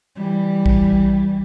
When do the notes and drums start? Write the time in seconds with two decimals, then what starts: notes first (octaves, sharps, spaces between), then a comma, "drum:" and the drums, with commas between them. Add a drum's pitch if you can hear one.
0.16 E3 G3
0.66 drum: kick